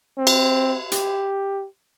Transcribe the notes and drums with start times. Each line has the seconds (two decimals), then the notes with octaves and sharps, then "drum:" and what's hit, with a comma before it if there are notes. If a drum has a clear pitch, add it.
0.17 C4
0.27 drum: cymbal
0.92 G4, drum: hi-hat